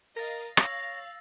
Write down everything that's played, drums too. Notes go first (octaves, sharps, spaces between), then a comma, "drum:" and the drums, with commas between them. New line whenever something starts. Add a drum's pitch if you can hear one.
A#4 D#5 F5 A6 A#6
C#5 F5 E6 A#6, drum: rim click